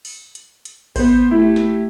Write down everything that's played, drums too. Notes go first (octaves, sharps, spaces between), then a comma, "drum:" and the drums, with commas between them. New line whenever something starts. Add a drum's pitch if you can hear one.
drum: open hi-hat
drum: hi-hat
drum: hi-hat
B3 C5, drum: kick G#1, open hi-hat
A3 E4 G4
drum: snare